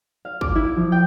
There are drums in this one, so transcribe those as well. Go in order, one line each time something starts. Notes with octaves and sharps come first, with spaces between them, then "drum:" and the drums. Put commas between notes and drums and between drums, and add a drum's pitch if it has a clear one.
F5
D6, drum: kick
E4
F3
G5